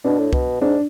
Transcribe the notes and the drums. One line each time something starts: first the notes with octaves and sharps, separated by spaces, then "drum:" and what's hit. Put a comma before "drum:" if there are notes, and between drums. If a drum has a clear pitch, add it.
B2 D4
A2
B2, drum: kick C2
G#2 D4